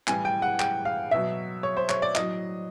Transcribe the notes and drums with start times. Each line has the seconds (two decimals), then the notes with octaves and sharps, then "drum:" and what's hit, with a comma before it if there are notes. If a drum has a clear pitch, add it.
0.07 A2 E3 G3 G#5, drum: clap
0.25 G5
0.42 F#5
0.60 G5, drum: clap
0.85 F5
1.11 B2 F#3 E5
1.63 C#5
1.77 C5
1.89 C#5, drum: clap
2.02 D5
2.15 A2 F#3 D#5, drum: clap